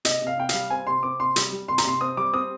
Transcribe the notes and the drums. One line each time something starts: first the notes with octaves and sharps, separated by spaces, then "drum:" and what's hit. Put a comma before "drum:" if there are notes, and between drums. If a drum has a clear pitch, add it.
C3 D#5, drum: hi-hat
C3 F5
C3 G5
G3 F5, drum: hi-hat
C4 G#5
C3 C6
C4 D6
C3 C6
G3, drum: hi-hat
G3
C3 C6
A#5, drum: hi-hat
C3 C6
C4 D#6
G3 D6
C4 D#6